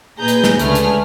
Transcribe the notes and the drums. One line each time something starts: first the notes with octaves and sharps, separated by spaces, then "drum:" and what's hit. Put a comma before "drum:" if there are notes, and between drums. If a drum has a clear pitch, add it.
A#2 G#4 B4 A#5 G6
drum: hi-hat
drum: snare
C#2 D3 A3 G#4 B4 F6, drum: hi-hat
drum: hi-hat